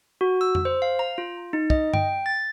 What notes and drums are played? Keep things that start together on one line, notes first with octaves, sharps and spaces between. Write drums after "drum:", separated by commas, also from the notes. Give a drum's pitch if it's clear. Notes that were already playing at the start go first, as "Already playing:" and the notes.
F#4
E6
drum: tom F2
C5
F5
A#5
F4
D#4
D#5, drum: kick
G5, drum: tom G2
A6